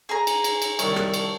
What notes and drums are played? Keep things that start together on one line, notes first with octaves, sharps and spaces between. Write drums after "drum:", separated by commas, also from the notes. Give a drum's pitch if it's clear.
G#4 G#5 A#5
drum: cymbal
drum: cymbal
drum: cymbal
C2 D#3 C#4 D4, drum: cymbal
drum: rim click
drum: cymbal